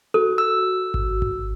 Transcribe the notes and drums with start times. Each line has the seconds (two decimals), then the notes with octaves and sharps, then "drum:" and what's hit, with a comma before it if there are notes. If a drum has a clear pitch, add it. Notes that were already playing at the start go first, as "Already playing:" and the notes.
0.14 F#4 A4
0.38 E6
0.94 drum: kick G#1
1.22 drum: kick G#1